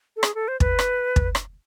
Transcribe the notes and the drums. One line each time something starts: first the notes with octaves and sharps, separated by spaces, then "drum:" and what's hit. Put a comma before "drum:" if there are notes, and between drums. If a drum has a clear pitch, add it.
A4
G#4, drum: rim click
A4
C5
B4, drum: kick
drum: rim click
drum: kick
drum: rim click